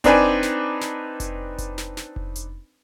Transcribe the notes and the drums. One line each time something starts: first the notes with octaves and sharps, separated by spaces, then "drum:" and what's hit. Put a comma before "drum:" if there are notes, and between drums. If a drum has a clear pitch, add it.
C4 D4 D#4 B4 D5 G#5, drum: kick F1, hi-hat
drum: snare
drum: snare
drum: kick F1, hi-hat
drum: kick F1, hi-hat
drum: snare
drum: snare
drum: kick F1
drum: hi-hat